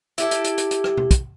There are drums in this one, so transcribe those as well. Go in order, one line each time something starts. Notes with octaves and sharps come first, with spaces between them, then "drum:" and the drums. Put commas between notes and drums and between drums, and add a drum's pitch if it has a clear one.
E4 G4 A4, drum: hi-hat
drum: hi-hat
drum: hi-hat
drum: hi-hat
drum: hi-hat
drum: rim click
drum: tom
drum: kick, hi-hat